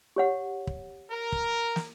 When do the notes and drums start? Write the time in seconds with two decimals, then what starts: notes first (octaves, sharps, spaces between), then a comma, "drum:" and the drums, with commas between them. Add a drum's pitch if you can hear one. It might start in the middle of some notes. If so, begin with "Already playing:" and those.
0.16 G4 C#5 F#5
0.67 drum: kick
1.11 A#4
1.32 drum: kick
1.76 drum: snare